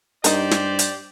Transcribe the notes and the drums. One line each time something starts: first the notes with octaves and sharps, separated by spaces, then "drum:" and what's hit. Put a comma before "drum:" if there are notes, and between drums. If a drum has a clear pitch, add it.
G2 D#4 G4 A#4 C5 D5, drum: hi-hat
drum: snare
drum: hi-hat